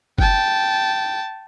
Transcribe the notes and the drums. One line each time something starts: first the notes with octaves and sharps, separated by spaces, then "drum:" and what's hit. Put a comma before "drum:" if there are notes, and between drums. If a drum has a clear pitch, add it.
G5 A5, drum: kick F#1